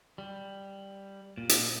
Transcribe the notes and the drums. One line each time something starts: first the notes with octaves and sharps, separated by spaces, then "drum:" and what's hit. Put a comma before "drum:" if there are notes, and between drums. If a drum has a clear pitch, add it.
G3
A#2
drum: hi-hat